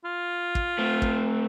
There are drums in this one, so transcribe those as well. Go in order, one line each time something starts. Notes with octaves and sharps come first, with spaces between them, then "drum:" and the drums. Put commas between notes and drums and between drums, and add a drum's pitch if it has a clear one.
F4
drum: kick
A3 C4
drum: kick